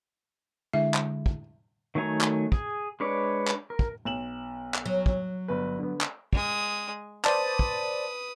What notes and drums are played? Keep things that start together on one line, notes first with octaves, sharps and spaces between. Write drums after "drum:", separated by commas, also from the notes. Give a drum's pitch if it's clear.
D3 G#3 E4 E5
drum: clap
drum: kick
D#3 F#3 A3 G#5 A#5
drum: clap
G#4, drum: kick
G#3 D4 B4 C#5 D5
drum: clap
A#4
drum: kick
B1 E7 F#7
drum: clap
F#3
drum: kick
G1 B4
D3 B3
drum: clap
G#3 D#6, drum: kick
B4 C5 D5 A5 D#6, drum: clap
drum: kick